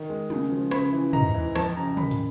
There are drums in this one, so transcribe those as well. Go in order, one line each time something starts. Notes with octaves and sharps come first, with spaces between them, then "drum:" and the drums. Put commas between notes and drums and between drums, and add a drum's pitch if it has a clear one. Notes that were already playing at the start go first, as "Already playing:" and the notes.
Already playing: D#3
G#3
C#3, drum: tom
F3
C#3 B5, drum: rim click
E3
G#2 A#5, drum: tom
E3
F2 A5, drum: rim click
C#3 A#5
D#2 B5, drum: tom
drum: hi-hat